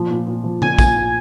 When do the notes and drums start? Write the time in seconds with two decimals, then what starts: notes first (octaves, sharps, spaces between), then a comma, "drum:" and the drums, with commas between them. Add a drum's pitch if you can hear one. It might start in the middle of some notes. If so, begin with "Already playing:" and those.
Already playing: A#2 F3
0.11 A#2
0.27 A#2
0.44 F3
0.62 A#2 G#5, drum: tom C#3
0.78 A#2, drum: kick, tambourine
0.96 A#2